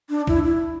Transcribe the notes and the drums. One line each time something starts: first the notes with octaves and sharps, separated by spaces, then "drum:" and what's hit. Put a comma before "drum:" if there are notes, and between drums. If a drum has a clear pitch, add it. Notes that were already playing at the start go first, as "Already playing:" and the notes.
D4
E4, drum: kick
E4